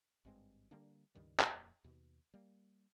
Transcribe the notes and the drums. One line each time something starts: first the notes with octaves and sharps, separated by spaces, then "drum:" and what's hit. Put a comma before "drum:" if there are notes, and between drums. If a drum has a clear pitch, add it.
G#1 G2 G#3 C4
D3 G3 A#3 D4
C#2 G2 D#3 G3
D#1 F2 A#3, drum: clap
D#2 B2
G3 A#3